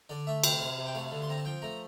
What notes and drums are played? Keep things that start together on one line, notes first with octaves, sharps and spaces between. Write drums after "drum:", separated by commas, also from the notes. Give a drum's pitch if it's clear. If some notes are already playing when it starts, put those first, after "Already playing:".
D3 D5
A3 E5
C3 G5, drum: cymbal
C3 F5
C3
G5
A3 F5
D3
C6
C4 A#5
A5
F3 G5
A3 A#5